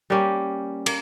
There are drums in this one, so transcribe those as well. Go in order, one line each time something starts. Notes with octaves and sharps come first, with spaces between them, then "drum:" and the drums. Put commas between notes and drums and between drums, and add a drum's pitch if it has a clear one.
G3 A#3 C#4 G4
A#3, drum: cymbal